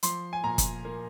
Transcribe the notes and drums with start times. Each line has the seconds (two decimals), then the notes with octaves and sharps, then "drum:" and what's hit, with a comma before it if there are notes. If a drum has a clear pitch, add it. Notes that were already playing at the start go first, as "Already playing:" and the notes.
0.03 F3 C6, drum: hi-hat
0.33 G#5
0.44 A#2 A#5
0.58 drum: kick, hi-hat
0.85 A#3